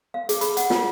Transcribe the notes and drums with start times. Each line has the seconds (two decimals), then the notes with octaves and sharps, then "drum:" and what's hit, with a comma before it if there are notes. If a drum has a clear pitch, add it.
0.14 F5
0.29 G#4, drum: hi-hat
0.41 B5, drum: hi-hat
0.57 F#5, drum: hi-hat
0.70 F4, drum: snare